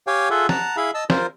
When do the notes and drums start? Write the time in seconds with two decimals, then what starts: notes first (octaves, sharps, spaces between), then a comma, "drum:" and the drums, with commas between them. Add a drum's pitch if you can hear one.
0.07 G4 C#5 F5 G5 G#5
0.30 F4 G#4 A4 E5 F#5
0.49 F#5 A5 A#5, drum: snare
0.77 E4 G#4 E5 F5 B5
0.94 D#5 A5 E6
1.10 F4 A#4 C5, drum: snare